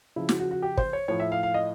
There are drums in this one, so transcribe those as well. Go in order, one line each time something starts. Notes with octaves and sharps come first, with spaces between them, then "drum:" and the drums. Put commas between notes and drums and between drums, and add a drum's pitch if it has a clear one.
C#3 F3 E4
F#4, drum: snare
F#4
F#4
G4
C5, drum: kick
C#5
A2 F3 C#5
E5
F5
F5
D#5